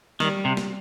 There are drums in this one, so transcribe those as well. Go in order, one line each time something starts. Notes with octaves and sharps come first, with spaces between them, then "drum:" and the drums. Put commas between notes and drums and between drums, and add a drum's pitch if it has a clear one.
D#3 G3, drum: snare
C3
drum: snare